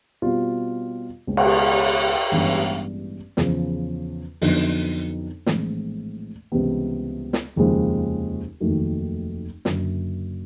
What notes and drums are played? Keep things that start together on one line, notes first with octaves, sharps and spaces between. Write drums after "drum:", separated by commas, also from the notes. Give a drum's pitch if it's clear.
B2 G3 C4 F4
C#2 B2 G#3 C#4
drum: cymbal
A1 G2 E3 G#3 B3
E2 C#3 F3, drum: snare
F2 D3 F#3 B3 D#4, drum: open hi-hat
A#1 A2 E3 G#3 C4, drum: snare
C#2 C3 E3 G3 B3
drum: snare
F1 D#2 C#3 F3 G#3
F1 D#2 D#3 F#3 A3
F#1 F#2 D3, drum: snare